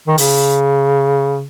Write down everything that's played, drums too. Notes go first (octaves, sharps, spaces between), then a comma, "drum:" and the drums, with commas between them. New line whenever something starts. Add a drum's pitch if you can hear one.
D#3
C#3, drum: open hi-hat